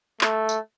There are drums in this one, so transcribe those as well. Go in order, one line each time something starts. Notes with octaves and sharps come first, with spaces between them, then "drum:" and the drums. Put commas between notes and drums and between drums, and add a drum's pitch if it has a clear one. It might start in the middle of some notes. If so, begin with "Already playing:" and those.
A3, drum: clap
drum: tambourine